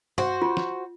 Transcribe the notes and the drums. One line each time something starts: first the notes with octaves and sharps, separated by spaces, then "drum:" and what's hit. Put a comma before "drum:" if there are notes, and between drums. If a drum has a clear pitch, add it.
F#4 C5, drum: tom G2
F4
drum: snare